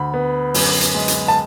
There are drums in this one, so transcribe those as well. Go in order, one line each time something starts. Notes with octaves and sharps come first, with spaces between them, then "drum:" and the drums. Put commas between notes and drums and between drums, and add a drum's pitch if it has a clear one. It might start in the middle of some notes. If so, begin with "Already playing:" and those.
Already playing: D2 B5
B3
F#2, drum: open hi-hat
drum: hi-hat
G#3
drum: hi-hat
A5